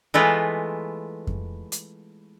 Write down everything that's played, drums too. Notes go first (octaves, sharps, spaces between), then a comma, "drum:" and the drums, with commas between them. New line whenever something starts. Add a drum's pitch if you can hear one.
E3 G#3 A3 B3 F4
drum: kick F2
drum: hi-hat